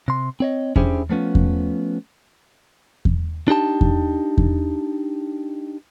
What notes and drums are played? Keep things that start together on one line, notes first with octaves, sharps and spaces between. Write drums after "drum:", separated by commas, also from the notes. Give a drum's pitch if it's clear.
C3 C6
C4 C#5 D#5
C#4 D4 E4 G4 G#4 C5, drum: kick E2
F3 A3 B3 C#4 F4
drum: kick E2
drum: kick E2
D4 D#4 G4 A5
drum: kick E2
drum: kick E2